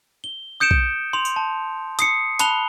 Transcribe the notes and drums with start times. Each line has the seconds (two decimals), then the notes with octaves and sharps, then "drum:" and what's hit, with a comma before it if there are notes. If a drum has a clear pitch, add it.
0.24 G7
0.60 D#6 G6 C#7 D7 E7
0.71 drum: kick B1
1.13 C6 F7
1.25 drum: tambourine
1.36 A5
1.99 D#6 C7 C#7, drum: hi-hat
2.39 A5 B5 F#6 F7 G7, drum: hi-hat